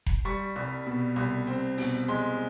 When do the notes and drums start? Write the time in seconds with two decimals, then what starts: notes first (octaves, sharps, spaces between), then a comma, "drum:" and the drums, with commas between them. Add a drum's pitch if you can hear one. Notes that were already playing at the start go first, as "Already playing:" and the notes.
0.06 drum: kick F1
0.25 G3 C#6
0.56 C2
0.86 B2
1.16 C2
1.47 C4
1.78 B2, drum: open hi-hat
2.08 G#3 C6